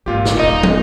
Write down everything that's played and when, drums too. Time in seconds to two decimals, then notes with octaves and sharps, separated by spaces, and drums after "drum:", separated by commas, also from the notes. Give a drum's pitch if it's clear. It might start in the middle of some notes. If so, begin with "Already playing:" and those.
0.06 G#1 A#2 F4 G4
0.25 drum: snare
0.39 D#1 D#4 D#5
0.63 drum: tom